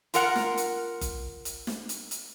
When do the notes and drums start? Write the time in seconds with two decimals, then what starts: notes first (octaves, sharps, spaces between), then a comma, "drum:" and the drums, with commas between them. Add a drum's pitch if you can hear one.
0.14 F4 A#4 F#5, drum: hi-hat
0.36 drum: snare
0.58 drum: hi-hat
1.01 drum: kick F#1, hi-hat
1.45 drum: hi-hat
1.67 drum: snare
1.89 drum: hi-hat
2.11 drum: hi-hat